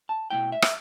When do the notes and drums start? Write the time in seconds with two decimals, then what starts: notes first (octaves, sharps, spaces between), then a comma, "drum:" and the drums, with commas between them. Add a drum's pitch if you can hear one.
0.09 A5
0.30 B2 A3 E4 G5
0.52 E5
0.62 drum: rim click